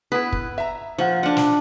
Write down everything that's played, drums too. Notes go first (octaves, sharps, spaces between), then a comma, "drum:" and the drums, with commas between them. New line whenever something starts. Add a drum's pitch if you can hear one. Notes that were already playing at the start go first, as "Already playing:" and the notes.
B3 E4 B4
drum: kick
E5 A#5
A#2 F3 F#5
D4 F4 F#5
drum: snare